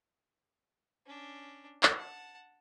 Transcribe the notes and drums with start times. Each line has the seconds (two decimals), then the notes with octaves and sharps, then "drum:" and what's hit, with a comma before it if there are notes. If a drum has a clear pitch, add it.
1.06 C#4 D4
1.83 drum: clap
1.96 F#5 A5